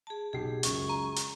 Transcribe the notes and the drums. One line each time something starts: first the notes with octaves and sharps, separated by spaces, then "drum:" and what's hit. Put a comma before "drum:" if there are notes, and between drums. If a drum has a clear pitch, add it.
G#4 A5
B1 G4 G#4 C7
C#2 F#2 C#6, drum: hi-hat
A#5
drum: hi-hat